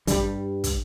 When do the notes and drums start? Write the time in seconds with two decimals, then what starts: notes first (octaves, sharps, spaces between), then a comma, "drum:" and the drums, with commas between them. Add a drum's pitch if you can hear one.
0.07 G2 G3, drum: kick, hi-hat
0.64 drum: kick, hi-hat